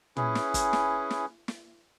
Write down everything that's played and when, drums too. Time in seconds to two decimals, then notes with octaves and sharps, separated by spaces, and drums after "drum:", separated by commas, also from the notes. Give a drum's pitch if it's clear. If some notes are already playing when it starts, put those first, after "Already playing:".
0.17 C#4 E4 G#4 B4, drum: tom
0.35 drum: snare
0.54 drum: kick F#1, hi-hat
0.73 drum: snare
1.10 drum: snare
1.48 drum: snare